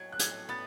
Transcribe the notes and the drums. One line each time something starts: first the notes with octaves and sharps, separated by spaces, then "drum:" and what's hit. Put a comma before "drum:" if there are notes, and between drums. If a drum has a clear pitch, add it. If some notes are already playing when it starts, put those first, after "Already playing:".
Already playing: F#3 G#6
F#6
A2 G#6, drum: hi-hat
B3 A6